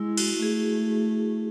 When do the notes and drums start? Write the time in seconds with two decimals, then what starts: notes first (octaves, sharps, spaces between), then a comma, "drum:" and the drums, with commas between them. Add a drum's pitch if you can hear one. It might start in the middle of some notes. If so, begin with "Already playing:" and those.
Already playing: G#3 E4
0.18 F#4, drum: cymbal
0.42 A3 G#4